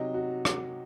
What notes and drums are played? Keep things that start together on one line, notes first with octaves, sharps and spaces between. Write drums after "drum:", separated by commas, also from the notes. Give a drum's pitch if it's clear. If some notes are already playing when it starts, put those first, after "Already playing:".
Already playing: C3 F#3 D#4
F#4
drum: rim click